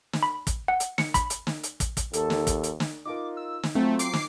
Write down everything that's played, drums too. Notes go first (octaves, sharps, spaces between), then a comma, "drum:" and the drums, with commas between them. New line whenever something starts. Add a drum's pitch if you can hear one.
drum: snare
B5
drum: kick, hi-hat
F#5
drum: hi-hat
C#7, drum: snare
B5, drum: kick, hi-hat
drum: hi-hat
drum: snare
drum: hi-hat
drum: kick, hi-hat
drum: kick, hi-hat
D#2 A4, drum: hi-hat
drum: snare
drum: kick, hi-hat
drum: hi-hat
drum: snare
D#4 F4 A#4 D6
E6
drum: snare
F#3 A3 C4 F4 C5
D6 C7, drum: hi-hat
drum: snare